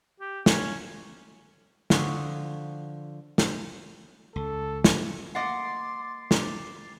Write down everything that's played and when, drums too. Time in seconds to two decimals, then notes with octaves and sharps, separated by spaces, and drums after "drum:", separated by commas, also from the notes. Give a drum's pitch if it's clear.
0.20 G4
0.46 C#4, drum: snare
1.90 D3 F3 F#5 C#6 D#6, drum: snare
3.38 drum: snare
4.36 C#2 A4
4.84 drum: snare
5.35 A#3 D#5 F#5 C6 D6 A6 C7
6.31 drum: snare